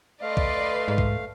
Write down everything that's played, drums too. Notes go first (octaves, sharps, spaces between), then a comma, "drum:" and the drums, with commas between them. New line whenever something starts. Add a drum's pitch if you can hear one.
A3 B4 D5 D#5 F5 C6
drum: kick B1
G#2
drum: kick B1